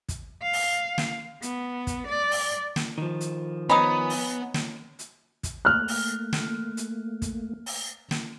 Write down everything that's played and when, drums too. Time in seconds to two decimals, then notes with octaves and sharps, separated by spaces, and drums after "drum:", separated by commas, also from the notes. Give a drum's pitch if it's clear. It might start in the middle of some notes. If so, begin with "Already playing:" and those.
0.09 drum: kick, hi-hat
0.43 F5
0.53 drum: open hi-hat
0.98 drum: snare
1.42 B3, drum: hi-hat
1.87 drum: kick, hi-hat
2.07 D5
2.31 drum: open hi-hat
2.76 drum: snare
2.98 D#3 F3
3.21 drum: hi-hat
3.69 B3 C#4 D#4 G#4 B5 D#6
4.10 drum: open hi-hat
4.54 drum: snare
4.99 drum: hi-hat
5.43 drum: kick, hi-hat
5.65 A3 A#3 F6 F#6
5.88 drum: open hi-hat
6.33 drum: snare
6.77 drum: hi-hat
7.22 drum: kick, hi-hat
7.66 drum: open hi-hat
8.11 drum: snare